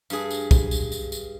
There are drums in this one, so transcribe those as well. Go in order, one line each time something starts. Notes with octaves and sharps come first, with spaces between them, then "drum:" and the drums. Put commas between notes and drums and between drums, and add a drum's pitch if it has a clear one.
G2 G#4, drum: tambourine
drum: tambourine
drum: kick, tambourine
drum: tambourine
drum: tambourine
drum: tambourine